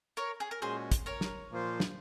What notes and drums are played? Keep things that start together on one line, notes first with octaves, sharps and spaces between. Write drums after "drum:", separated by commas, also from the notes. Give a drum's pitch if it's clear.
A#4 C#5
G#4
A#4
A#2 G#3 C#4 F#4 G#4 C5
drum: kick, hi-hat
A#4 C#5
drum: snare
A#2 F3 A#3 F4 C5
drum: snare